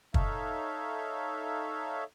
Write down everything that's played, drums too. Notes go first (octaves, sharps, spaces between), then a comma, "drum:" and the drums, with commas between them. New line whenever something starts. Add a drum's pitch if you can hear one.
D#4 A4 C#5 E5 F5, drum: kick